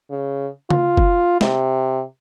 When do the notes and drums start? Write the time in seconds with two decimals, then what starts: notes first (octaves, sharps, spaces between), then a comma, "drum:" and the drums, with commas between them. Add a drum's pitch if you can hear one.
0.11 C#3
0.70 F4, drum: tom C#3
0.97 drum: kick F#1
1.41 C3, drum: snare